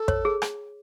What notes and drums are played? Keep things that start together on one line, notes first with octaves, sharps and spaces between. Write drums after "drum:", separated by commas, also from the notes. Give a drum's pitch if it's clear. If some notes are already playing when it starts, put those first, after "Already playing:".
Already playing: A4
C#5, drum: kick
G#4
drum: rim click